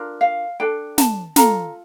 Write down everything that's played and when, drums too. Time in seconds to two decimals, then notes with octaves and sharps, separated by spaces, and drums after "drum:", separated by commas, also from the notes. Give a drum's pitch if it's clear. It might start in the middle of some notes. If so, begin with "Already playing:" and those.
Already playing: D4 F4 A#4
0.21 F5
0.60 D4 A4 G5
0.98 A5, drum: snare
1.36 F4 A4 A#5, drum: snare